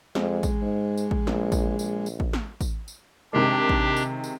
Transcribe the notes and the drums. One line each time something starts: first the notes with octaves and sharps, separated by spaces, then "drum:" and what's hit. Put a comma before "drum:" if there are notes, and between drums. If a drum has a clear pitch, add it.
F2 G#3, drum: snare
drum: kick A1, tambourine
G#2
drum: tambourine
drum: kick A1
A#1, drum: snare
drum: kick A1, tambourine
A#1, drum: tambourine
drum: tambourine
drum: kick A1
drum: snare
drum: kick A1, tambourine
drum: tambourine
C3 D#3 G#3 D4 G4
drum: kick A1
drum: tambourine
drum: tambourine